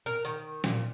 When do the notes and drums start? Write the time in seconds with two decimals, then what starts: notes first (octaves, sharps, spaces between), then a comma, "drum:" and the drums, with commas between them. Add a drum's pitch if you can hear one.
0.06 A#4
0.25 D#3
0.64 A#2, drum: snare